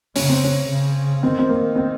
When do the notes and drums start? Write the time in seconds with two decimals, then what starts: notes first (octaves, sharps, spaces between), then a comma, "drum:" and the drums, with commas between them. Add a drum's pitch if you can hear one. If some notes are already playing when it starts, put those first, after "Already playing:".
0.16 C#3 C#4, drum: open hi-hat
0.29 C4
0.44 C#4
0.69 C#3
1.23 D#3 C4
1.39 C4
1.49 A#3
1.76 C4